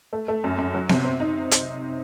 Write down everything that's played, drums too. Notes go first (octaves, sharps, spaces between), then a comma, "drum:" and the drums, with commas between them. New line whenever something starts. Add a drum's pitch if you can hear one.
A3
A3
F#2
F#2
F#3
C3, drum: snare B3
C4
D#4
drum: hi-hat